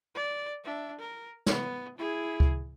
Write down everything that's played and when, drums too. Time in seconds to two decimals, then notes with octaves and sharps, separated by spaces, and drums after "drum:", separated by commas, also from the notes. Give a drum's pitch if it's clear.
0.15 D5
0.64 D4 E5
0.99 A#4
1.46 B3, drum: snare
1.98 E4 G#4
2.40 drum: kick C#2